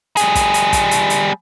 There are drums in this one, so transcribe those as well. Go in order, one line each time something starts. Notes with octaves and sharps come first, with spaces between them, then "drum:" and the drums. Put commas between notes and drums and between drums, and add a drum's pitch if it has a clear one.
G3 G#4, drum: hi-hat
drum: kick, hi-hat
drum: hi-hat
drum: kick, hi-hat
drum: hi-hat
drum: hi-hat